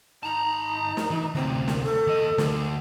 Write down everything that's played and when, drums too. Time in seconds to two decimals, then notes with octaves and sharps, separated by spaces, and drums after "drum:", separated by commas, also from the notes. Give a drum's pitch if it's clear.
0.23 D#4 A5 A#5
0.97 drum: snare
1.10 E3
1.35 D2 C3 C4
1.68 drum: snare
1.83 A4
2.07 D#2 D#5
2.38 D2, drum: snare